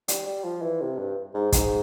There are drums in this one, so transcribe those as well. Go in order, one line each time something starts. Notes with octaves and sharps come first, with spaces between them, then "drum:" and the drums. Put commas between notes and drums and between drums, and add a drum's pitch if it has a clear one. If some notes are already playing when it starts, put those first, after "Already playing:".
G3, drum: hi-hat
G3
F3
E3
C3
G2
G#2
G#2, drum: kick, hi-hat